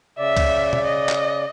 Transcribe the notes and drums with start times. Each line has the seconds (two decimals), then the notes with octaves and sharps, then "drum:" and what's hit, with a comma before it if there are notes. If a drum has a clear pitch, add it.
0.18 C#3 D5 E5
0.37 drum: kick C#2, cymbal
0.73 drum: tom
0.85 D#5
1.09 drum: clap